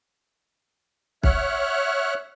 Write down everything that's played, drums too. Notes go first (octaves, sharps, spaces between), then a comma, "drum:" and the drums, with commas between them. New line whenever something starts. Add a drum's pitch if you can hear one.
C#5 E5 F#5 F6 F#6, drum: kick